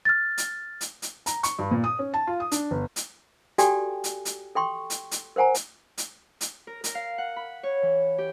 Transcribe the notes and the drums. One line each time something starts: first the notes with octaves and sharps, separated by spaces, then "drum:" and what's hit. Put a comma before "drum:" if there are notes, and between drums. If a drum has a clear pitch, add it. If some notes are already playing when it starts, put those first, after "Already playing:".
F6 A6
drum: hi-hat
drum: hi-hat
drum: hi-hat
A#5, drum: hi-hat
C#6, drum: hi-hat
G2
A#2
D#6
C#4
A5
F4
D#6
D4, drum: hi-hat
G1
drum: hi-hat
F#4 G4 A4 D5 G5 G#5, drum: hi-hat
drum: hi-hat
drum: hi-hat
A4 G5 C6 C#6
drum: hi-hat
drum: hi-hat
A#4 C5 F#5 G#5 A#5
drum: hi-hat
drum: hi-hat
drum: hi-hat
A#4
A#4, drum: hi-hat
F5
F#5
B5
C#5
E3
G4